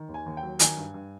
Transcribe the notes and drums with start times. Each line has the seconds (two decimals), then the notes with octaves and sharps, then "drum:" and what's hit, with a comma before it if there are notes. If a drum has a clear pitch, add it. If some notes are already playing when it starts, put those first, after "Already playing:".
Already playing: D#3
0.08 D#2
0.14 G#5
0.26 D#2
0.37 G5
0.43 F#3
0.59 D#3 G#5, drum: hi-hat
0.77 G2
0.94 G2